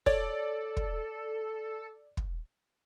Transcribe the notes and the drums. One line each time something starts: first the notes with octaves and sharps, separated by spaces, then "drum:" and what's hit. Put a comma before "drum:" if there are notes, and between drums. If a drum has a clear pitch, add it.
A4 C#5 D5 A6, drum: kick
drum: kick
drum: kick